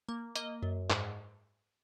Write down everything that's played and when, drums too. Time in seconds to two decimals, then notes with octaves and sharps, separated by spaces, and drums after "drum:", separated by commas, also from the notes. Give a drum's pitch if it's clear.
0.09 A#3
0.36 A#3 D#5, drum: hi-hat
0.63 F#2
0.90 G#2, drum: clap